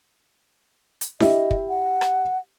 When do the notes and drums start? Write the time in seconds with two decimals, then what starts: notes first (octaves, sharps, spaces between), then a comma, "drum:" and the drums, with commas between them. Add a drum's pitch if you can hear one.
1.01 drum: hi-hat
1.20 E4 G4 D#5 E5, drum: snare D4
1.51 drum: kick
1.69 F#5
2.01 drum: rim click